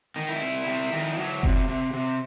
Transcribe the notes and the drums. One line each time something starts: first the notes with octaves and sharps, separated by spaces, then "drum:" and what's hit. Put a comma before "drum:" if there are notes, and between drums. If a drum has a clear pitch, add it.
D#3
E4
C3
C3
D#3
F#3
C3, drum: kick F#1
C3
C3